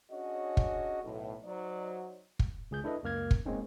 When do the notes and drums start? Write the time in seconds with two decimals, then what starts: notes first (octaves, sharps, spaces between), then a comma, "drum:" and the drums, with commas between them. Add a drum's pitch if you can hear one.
0.11 C#4 D4 F#4 G#4 C#5 D#5
0.57 drum: kick
1.03 B1 A2
1.45 F#3 D#4 C5 D5
2.39 drum: kick
2.71 C#2 G#4 G6
2.84 D4 E4 A4 B4 D#5
3.03 C#2 F#2 A#3 F6 G#6
3.31 drum: kick
3.46 G#3 A#3 C4 C#4 D#4